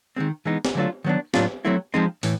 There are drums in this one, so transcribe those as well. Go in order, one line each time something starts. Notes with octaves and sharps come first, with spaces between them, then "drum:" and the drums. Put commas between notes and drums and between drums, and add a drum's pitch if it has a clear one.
D#3 G#3 C4
E3 G#3 B3 D#4
drum: snare
D3 F#3 A3 D4 F4
D#3 F#3 B3 D4
A2 F#3 A#3 D4 F4, drum: snare
F#3 A3 C4 E4
F3 G#3 C4 D#4
A2 E3, drum: open hi-hat